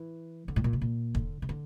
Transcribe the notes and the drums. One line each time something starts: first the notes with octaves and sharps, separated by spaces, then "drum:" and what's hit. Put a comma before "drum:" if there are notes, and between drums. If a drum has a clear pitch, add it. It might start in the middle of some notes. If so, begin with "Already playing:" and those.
Already playing: E3
D3
A2
A#2
C#3
A#2
D3, drum: kick
C#3
D3